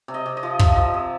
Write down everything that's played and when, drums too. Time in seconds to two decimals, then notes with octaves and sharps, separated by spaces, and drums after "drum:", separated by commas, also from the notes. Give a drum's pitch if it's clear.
0.08 C3
0.14 D#5
0.26 C3
0.37 D#5
0.43 F3
0.59 F3 E5, drum: kick
0.72 F3 D#5
0.84 E5
0.94 C3